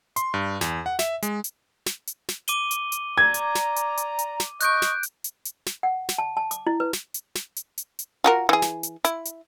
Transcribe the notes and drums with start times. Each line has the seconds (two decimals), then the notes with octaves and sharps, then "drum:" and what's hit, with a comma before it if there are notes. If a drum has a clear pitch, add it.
0.16 C6, drum: hi-hat
0.34 G2
0.61 E2, drum: snare
0.86 F#5
0.99 E5, drum: snare
1.23 G#3, drum: hi-hat
1.44 drum: hi-hat
1.86 drum: snare
2.07 drum: hi-hat
2.29 drum: snare
2.48 D6 D#7 G7, drum: hi-hat
2.71 drum: hi-hat
2.92 drum: hi-hat
3.18 D5 A#5 G#6
3.34 drum: hi-hat
3.55 drum: snare
3.76 drum: hi-hat
3.97 drum: hi-hat
4.19 drum: hi-hat
4.40 drum: snare
4.61 D#5 C#6 F#6 G6 D7, drum: hi-hat
4.82 drum: snare
5.03 drum: hi-hat
5.24 drum: hi-hat
5.45 drum: hi-hat
5.66 drum: snare
5.83 F#5
6.09 drum: snare
6.18 A5
6.37 A5
6.51 D6, drum: hi-hat
6.67 E4
6.80 B4
6.93 drum: snare
7.14 drum: hi-hat
7.35 drum: snare
7.56 drum: hi-hat
7.78 drum: hi-hat
7.99 drum: hi-hat
8.24 F4 F#4 A#4
8.49 E3 G#4
8.62 drum: snare
8.83 drum: hi-hat
9.05 E4, drum: hi-hat
9.25 drum: hi-hat